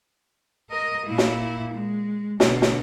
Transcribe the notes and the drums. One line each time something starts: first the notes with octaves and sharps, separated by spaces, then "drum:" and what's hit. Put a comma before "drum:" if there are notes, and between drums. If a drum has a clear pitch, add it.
A#4 D#5
A#2 E4
drum: snare
G#3
B2 D3, drum: snare
drum: snare